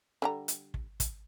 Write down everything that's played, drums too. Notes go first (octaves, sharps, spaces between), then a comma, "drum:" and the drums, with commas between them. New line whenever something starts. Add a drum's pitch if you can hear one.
D3 G3 A#5
drum: hi-hat
drum: kick
drum: kick, hi-hat